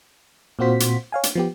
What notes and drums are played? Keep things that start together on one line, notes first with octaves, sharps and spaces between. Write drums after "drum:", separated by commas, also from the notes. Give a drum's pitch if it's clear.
A#2 C4 F4 F#4 C5 B6
drum: hi-hat
C#5 F5 G#5
drum: hi-hat
F3 B3 G4